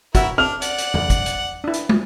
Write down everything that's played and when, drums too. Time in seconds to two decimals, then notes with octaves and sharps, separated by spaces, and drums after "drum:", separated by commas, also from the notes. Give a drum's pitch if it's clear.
0.15 E4 F#4 A#4 E5, drum: kick, hi-hat
0.38 D4 F6 F7
0.62 D5 F#5, drum: hi-hat
0.78 drum: hi-hat
0.94 drum: tom E2
1.10 drum: kick, hi-hat
1.26 drum: hi-hat
1.64 D4 E4
1.74 drum: hi-hat
1.89 drum: tom